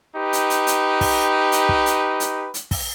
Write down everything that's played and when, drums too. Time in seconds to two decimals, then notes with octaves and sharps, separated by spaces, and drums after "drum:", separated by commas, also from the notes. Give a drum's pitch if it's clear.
0.16 D#4 G4 B4
0.33 drum: hi-hat
0.50 drum: hi-hat
0.67 drum: hi-hat
1.01 drum: kick, open hi-hat
1.52 drum: hi-hat
1.69 drum: kick
1.86 drum: hi-hat
2.20 drum: hi-hat
2.54 drum: hi-hat
2.71 drum: kick, open hi-hat